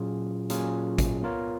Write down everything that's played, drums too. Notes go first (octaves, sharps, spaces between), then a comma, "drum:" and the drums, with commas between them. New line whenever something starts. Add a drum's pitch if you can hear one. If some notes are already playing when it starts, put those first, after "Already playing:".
Already playing: A#2 F#3 C#4 F4 G#4
A#2 F#3 C#4 F4 G#4, drum: hi-hat
drum: kick, hi-hat
B3 F4 A#4 C#5